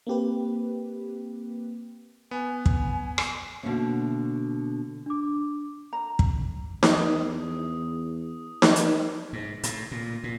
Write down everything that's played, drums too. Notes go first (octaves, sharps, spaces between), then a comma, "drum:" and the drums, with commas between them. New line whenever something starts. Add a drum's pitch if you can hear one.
A#3 C4 G4 B4
B3 G#5
drum: kick
drum: rim click
B2 D3 A3 A#3 C#4
D4 D6
A#5
drum: kick
E2 D#6, drum: snare D#4
drum: snare D#4
drum: hi-hat
G#2
A2, drum: hi-hat
A#2
A#2